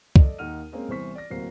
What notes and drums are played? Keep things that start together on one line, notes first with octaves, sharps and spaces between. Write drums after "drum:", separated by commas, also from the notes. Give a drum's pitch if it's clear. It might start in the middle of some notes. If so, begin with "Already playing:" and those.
A4 D5 D#5, drum: kick
D#2 A#3 D#4 F#5 F6 D#7
G#3 A#3 C4 C#4
C2 E3 B3 C5 C#6 B6
D5 A#6
D1 C3 A#3 F#4 C5 C7